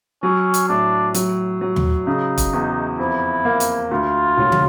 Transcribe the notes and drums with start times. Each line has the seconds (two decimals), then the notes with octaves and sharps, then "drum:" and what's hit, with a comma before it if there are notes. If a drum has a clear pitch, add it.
0.23 F#3 C#4
0.54 drum: hi-hat
0.69 A2 D4
1.14 F#3, drum: hi-hat
1.61 F#3
1.76 drum: tom D#2
2.07 C#3 D#4
2.38 drum: kick, hi-hat
2.53 E2
2.99 F2 E4
3.45 A#3
3.60 drum: hi-hat
3.91 D2 F4
4.37 E1
4.52 drum: tom